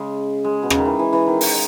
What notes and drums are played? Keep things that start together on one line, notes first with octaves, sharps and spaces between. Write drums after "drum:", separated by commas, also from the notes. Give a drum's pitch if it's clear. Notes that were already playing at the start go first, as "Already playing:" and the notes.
Already playing: C#3 G#3
G#3
B2
C#3, drum: rim click
D#3
E3
E3
E3
D#3
drum: open hi-hat